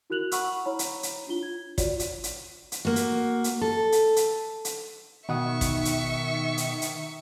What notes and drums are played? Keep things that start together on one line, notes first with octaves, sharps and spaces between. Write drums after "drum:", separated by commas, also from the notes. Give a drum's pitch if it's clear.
E4 F#4 A#4 F#6 F7 F#7
F#5 B5 C#6 E6 F6, drum: hi-hat
E4 C#5 A#5 B5
drum: hi-hat
drum: hi-hat
D4 E4 F4 G7
G#6
F4 F#4 C#5 D5, drum: kick, hi-hat
drum: hi-hat
drum: hi-hat
drum: hi-hat
A#3 F#4
drum: hi-hat
drum: hi-hat
A4
drum: hi-hat
drum: hi-hat
drum: hi-hat
B2 D#3 E5 F#5 C#6 D#6
drum: kick, hi-hat
drum: hi-hat
drum: hi-hat
drum: hi-hat